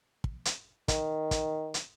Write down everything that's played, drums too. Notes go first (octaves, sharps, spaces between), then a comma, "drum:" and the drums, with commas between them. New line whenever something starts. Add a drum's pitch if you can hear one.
drum: kick
drum: hi-hat
D#3, drum: kick, hi-hat
drum: kick, hi-hat
drum: hi-hat